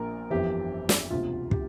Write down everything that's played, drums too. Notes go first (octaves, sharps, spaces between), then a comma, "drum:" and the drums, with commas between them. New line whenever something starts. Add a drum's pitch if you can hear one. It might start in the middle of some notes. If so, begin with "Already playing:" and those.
Already playing: A#1 A#2 A#4
G1 F2 E3 G4
drum: snare
E1 D2 C3 F4
G4, drum: kick